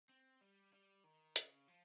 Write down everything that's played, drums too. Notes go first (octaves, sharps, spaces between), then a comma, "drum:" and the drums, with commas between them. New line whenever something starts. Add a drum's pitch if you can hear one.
C4
G3
G3
D#3
C#3, drum: hi-hat
F3